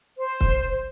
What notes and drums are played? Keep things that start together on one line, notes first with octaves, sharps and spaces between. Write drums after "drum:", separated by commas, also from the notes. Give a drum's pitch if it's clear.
C5
drum: kick C#1